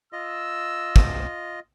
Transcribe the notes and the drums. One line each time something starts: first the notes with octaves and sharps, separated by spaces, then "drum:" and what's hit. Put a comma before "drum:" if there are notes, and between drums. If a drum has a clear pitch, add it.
F4 D#5 E6
drum: kick